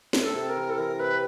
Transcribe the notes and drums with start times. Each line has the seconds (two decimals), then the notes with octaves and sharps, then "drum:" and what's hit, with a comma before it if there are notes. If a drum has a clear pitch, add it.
0.13 C3, drum: snare
0.20 A#4
0.24 A4
0.34 C3
0.49 A#4
0.56 E3
0.70 A4
0.78 E3 A#4
0.99 C3 B4